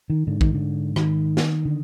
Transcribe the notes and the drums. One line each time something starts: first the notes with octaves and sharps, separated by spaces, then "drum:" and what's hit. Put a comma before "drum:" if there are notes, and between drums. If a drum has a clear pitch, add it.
D#3
G#2 D3
D#3, drum: kick
D3
D#3, drum: rim click
drum: snare
D3